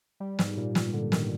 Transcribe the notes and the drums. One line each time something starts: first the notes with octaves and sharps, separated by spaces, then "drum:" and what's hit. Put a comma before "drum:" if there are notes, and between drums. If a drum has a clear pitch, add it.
G3
G#2, drum: snare
A#2
drum: snare
D3
D#3, drum: snare